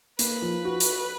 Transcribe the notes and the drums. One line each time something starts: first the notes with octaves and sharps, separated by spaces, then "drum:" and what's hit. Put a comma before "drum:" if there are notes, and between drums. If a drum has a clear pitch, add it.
A#3 B4, drum: hi-hat
F3
F#4
drum: hi-hat